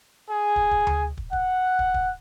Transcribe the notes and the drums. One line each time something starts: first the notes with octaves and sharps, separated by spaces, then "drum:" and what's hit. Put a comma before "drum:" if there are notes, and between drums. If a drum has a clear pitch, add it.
G#4
drum: kick
drum: kick
drum: tom D2
drum: kick
F#5, drum: kick
drum: kick
drum: kick